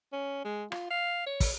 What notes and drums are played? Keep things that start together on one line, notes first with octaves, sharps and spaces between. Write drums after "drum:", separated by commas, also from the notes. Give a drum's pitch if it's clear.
C#4
G#3
F4, drum: rim click
F5
C#5
drum: kick, open hi-hat